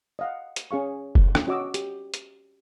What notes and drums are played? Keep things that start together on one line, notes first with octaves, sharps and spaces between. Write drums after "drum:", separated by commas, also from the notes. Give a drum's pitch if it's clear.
D#5 F5 F#5
drum: hi-hat
C#4 G#4 F5 C#6
drum: kick
drum: rim click
C#4 F#4 D#5 D6 E6
G4, drum: hi-hat
drum: hi-hat